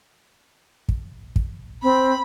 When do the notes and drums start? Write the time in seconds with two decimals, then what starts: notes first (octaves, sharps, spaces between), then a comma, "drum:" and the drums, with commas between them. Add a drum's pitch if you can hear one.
0.89 drum: kick
1.36 drum: kick
1.83 C4 B5